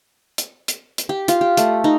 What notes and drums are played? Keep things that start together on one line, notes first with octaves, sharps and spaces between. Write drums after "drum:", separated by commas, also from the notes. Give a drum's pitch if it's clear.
drum: hi-hat
drum: hi-hat
drum: hi-hat
G4
F4, drum: hi-hat
G4
A3, drum: hi-hat
D#4